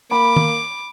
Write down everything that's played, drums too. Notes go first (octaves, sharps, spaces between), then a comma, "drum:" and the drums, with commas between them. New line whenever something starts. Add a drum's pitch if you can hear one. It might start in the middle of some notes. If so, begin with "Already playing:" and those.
A#3 B5 D6
drum: tom